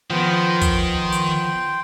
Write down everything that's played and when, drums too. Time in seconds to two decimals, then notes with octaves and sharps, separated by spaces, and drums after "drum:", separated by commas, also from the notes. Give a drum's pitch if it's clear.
0.10 D#3 F3 B3 G5 C6
0.61 drum: kick, hi-hat
1.12 drum: hi-hat